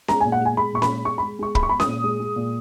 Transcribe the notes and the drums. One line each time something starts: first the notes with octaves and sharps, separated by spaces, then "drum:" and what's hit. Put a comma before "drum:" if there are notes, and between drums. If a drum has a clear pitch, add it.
G#3 A#5, drum: snare C#4
G#5
A#2
F#5
G#3 G#5
G#3 B5
A#2 C#6
B5, drum: snare C#4
G#3
G#3 C#6
B5
G#3
G#3 C#6
G#3 B5, drum: kick
C#6
G#3 B5
D#6, drum: snare C#4
A#2
G#3
G#3
A#2